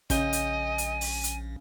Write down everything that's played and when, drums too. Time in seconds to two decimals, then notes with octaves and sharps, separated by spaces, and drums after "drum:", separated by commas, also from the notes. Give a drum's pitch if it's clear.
0.10 A#1 C#3 D#5 G#5 G6 G7, drum: kick, hi-hat
0.33 drum: hi-hat
0.78 drum: hi-hat
1.01 drum: open hi-hat
1.24 drum: hi-hat